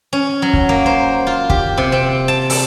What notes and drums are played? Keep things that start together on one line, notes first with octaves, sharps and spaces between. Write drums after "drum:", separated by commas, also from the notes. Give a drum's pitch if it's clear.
C#4
F#3
drum: kick
A#3
C5
F4
G4, drum: kick
C3
C4
A5
A4, drum: open hi-hat